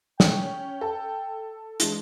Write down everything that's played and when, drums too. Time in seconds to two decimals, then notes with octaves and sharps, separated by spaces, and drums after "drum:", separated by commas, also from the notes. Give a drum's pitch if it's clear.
0.20 C#4 G5, drum: snare
0.81 A4
1.80 E3 G#3 D4, drum: hi-hat